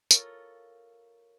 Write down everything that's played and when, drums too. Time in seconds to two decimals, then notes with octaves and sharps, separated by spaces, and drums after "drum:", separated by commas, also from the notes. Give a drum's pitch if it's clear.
0.11 F4 A4 A#4 C#5 A#5, drum: tambourine